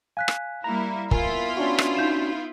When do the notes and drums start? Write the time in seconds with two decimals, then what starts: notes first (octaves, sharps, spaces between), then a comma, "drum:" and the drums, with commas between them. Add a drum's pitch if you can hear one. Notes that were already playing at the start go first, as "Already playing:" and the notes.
0.17 F5 G#5 F#6 B6
0.28 drum: rim click
0.64 G3 A#3 E4 A#5
1.11 B3 E4 F4 A#4 G#5, drum: kick
1.57 C#4 D4 F#4
1.78 drum: rim click
1.96 D#4 G6 E7